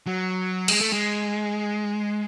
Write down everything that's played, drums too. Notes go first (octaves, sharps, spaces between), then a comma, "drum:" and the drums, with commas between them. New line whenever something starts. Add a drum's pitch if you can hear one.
F#3
G#3, drum: cymbal
A3
G#3